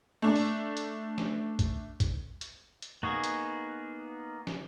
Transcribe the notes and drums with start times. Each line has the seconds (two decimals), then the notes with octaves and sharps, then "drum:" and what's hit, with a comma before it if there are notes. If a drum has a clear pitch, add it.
0.22 A3 D4
0.36 drum: open hi-hat
0.77 drum: hi-hat
1.18 drum: snare
1.59 drum: kick, hi-hat
2.00 drum: kick, hi-hat
2.41 drum: hi-hat
2.82 drum: hi-hat
3.03 A#3 B3 D#4 F#4 G#4
3.24 drum: hi-hat
4.47 drum: snare